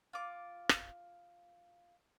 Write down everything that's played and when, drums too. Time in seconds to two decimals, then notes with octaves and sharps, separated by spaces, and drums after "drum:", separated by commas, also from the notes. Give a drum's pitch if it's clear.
0.13 F4 D6
0.69 drum: rim click